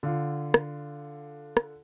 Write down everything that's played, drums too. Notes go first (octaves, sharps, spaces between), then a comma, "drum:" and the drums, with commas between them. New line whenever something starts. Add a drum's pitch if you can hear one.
D3 F4
drum: rim click
drum: rim click